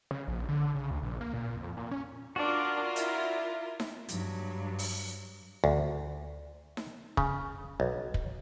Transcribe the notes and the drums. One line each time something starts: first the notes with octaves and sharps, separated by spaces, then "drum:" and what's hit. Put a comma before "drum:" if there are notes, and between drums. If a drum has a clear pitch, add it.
C#3
A#1
D3
C#3
D2
A#1
A#3
A#2
F2
A#2
C#4
D4 F4 F#4 A#4 D5
E4, drum: hi-hat
drum: snare D#4
G2 F#3, drum: hi-hat
drum: open hi-hat
D2
drum: snare D#4
C#3, drum: kick
B1
drum: kick